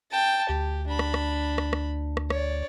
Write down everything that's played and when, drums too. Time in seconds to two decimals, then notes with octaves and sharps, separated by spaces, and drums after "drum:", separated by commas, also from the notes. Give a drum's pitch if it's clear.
0.11 G5 A5
0.49 D2 G4
0.87 D4 B5
0.99 drum: rim click
1.14 drum: rim click
1.58 drum: rim click
1.73 drum: rim click
2.17 drum: rim click
2.30 C#5 D5, drum: rim click